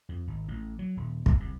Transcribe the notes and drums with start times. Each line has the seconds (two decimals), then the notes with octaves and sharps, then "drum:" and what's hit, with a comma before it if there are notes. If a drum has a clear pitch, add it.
0.09 F2
0.27 G#1
0.48 A1
0.79 F#3
0.97 D#1
1.26 E1, drum: kick
1.40 C2